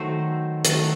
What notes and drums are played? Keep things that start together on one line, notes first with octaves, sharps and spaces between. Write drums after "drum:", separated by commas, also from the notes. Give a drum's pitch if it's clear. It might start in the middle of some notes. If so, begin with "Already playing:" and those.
Already playing: D#3 F#3 A3 C5
D#3 F#3 A3, drum: hi-hat